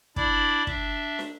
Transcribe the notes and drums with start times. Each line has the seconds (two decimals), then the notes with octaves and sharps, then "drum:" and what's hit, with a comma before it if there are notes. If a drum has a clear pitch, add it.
0.16 D4 E4 D5 B5 D6, drum: kick
0.67 D4 E5, drum: kick
1.19 drum: snare